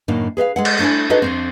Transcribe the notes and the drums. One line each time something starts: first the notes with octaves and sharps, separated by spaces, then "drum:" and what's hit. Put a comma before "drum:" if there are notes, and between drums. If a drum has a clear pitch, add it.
F#2 A2 D#3 A#3 D4 D#4
G#4 B4 D#5 F5
G#3 A4 F#5
drum: cymbal
A3 D4 E4 A4 G#5
D#4 F#4 G#4 A4 B4 D#5
F2 B2 C4